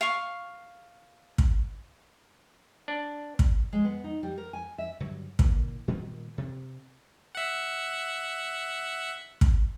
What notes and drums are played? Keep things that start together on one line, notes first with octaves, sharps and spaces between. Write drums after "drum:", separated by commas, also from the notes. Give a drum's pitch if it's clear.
F5 C#6
drum: kick
D4
drum: kick
G#3
B3
D#4
G3
A#4
G#5
E5
G2 D3 F#3
A#2 D3 E3, drum: kick
A#2 D#3 G3 B3
C3
E5 F#5
drum: kick